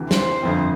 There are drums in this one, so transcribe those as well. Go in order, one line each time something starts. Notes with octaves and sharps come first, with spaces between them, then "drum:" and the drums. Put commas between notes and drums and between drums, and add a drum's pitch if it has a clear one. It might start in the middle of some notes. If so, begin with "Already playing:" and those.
Already playing: D2 C3 E3
C5, drum: snare
G1 F2 D3 F3 C4